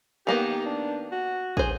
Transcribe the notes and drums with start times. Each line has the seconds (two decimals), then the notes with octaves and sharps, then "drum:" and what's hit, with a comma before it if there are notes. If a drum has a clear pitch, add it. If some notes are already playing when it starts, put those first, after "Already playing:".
0.27 D#3 A#3 B3 G4
0.66 D4
1.12 F#4
1.57 G#4 C5, drum: kick